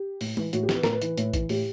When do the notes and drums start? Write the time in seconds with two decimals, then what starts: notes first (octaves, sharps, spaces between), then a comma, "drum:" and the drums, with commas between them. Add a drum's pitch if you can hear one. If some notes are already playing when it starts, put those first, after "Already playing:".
Already playing: G4
0.21 A2, drum: open hi-hat
0.37 E3, drum: tom G#3
0.53 A2 F#4, drum: hi-hat
0.63 G4
0.69 E3, drum: snare
0.75 B4
0.83 A2 A#4, drum: snare
0.92 B4
1.02 E3, drum: hi-hat
1.18 A2, drum: hi-hat
1.33 E3, drum: kick, hi-hat
1.49 A2 G4, drum: open hi-hat